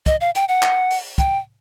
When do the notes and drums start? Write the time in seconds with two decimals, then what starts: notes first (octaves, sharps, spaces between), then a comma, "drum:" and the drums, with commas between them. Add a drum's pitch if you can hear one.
0.06 D#5, drum: kick, hi-hat
0.21 F5
0.35 G5, drum: hi-hat
0.48 F#5
0.63 drum: clap
0.91 drum: open hi-hat
1.18 G5, drum: kick, hi-hat